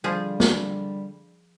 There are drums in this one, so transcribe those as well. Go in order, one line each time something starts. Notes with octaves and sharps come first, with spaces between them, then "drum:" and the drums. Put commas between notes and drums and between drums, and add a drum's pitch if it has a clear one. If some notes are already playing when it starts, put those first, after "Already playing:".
D3 F3 G3 G#4
drum: snare